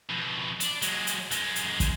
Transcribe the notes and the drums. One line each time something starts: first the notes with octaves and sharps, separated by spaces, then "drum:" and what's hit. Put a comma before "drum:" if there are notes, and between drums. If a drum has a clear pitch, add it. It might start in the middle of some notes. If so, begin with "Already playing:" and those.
F2 B2
D4, drum: hi-hat
F#3 G#3, drum: hi-hat
drum: hi-hat
F#2 G#3, drum: hi-hat
drum: hi-hat
drum: kick, hi-hat